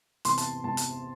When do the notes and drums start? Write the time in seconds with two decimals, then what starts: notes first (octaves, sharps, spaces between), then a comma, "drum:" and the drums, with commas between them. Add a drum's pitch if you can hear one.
0.25 E2 C3 E3 C6, drum: hi-hat
0.38 A5, drum: hi-hat
0.64 E2 C3 E3 A5
0.77 drum: hi-hat